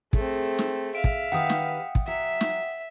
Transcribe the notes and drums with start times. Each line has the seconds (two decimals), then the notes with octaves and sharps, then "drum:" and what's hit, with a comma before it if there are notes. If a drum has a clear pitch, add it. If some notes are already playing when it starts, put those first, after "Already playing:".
0.13 A3 C4 G#4, drum: kick
0.59 drum: snare
0.95 E5 F5 D7
1.04 drum: kick
1.32 D#3 G4 B4 F#5 G5 D#6
1.50 drum: snare
1.95 drum: kick
2.08 F#3 E5
2.41 drum: snare